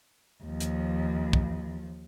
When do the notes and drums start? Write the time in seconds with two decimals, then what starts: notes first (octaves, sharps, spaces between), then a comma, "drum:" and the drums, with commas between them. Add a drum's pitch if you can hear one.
0.44 D#2 F3
0.60 drum: hi-hat
1.33 drum: kick